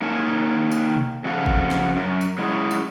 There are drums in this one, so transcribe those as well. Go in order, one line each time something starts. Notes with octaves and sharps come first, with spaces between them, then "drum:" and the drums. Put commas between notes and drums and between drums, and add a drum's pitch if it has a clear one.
A#3 D#4 A#4 C#5 G#5 A5
drum: tambourine
drum: tom B2
F2 C#3 F#4 A4 F5
drum: kick
drum: snare
F#2
drum: tambourine
F#3 G#3 C#4 E4 G4 G#4
drum: tambourine